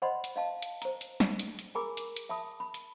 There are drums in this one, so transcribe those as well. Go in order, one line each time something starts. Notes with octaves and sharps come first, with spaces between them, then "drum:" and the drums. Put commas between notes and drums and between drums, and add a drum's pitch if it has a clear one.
C5 D5 D#5 F#5 B5 C6
drum: hi-hat
D#5 F5 A5
drum: hi-hat
C5 A#5, drum: hi-hat
drum: hi-hat
drum: snare
drum: hi-hat
drum: hi-hat
G#4 A#4 G#5 A#5 B5 D6
drum: hi-hat
drum: hi-hat
E5 A5 B5 D#6
B5
drum: hi-hat